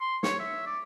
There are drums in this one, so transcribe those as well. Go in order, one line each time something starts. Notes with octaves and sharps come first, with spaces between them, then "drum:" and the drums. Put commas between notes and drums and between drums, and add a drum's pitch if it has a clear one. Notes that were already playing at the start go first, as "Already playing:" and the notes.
C6
C#5, drum: snare
E5
D5